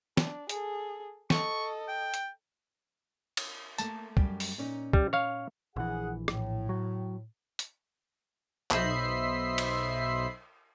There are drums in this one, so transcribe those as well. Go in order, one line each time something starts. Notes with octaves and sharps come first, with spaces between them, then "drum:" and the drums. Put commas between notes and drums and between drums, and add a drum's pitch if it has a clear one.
D4, drum: snare
G#4 A4, drum: hi-hat
A4 D#5 C#6, drum: snare
G5
drum: hi-hat
drum: cymbal
A3 A#3 A5, drum: tambourine
F#2 G3 G4, drum: kick
drum: open hi-hat
A#2 C#4 D#4
G3, drum: kick
C#5 F5
A#1 E3 G#4 F#5
A2, drum: rim click
F#3
drum: hi-hat
B1 C5 D#5 E5 B5 C7, drum: clap
drum: cymbal